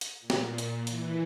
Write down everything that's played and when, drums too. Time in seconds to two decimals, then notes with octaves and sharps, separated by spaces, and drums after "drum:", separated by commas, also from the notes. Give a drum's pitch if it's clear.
0.01 drum: hi-hat
0.20 A#2
0.30 drum: snare
0.58 drum: hi-hat
0.87 E3, drum: hi-hat